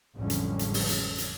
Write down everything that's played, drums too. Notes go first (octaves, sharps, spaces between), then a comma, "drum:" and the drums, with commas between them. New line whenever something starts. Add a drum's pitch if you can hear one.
A1 F2 D3 G3 G#3 C#4
drum: hi-hat
drum: hi-hat
drum: open hi-hat
drum: hi-hat
drum: hi-hat